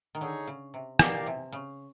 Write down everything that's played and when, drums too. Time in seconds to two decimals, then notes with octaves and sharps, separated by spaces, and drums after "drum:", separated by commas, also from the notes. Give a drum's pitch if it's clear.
0.15 D#3
0.21 D3 D#4 G#4 C#5
0.47 C#3
0.74 C3
0.99 B2 G4 A#4 D5 F5, drum: rim click
1.26 C3
1.52 C#3